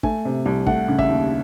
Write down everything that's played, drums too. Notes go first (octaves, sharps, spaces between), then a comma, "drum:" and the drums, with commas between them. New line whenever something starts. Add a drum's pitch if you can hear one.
A3 G#5, drum: kick
C3
C2
A3 F#5, drum: kick
C#3
E5, drum: kick
D#2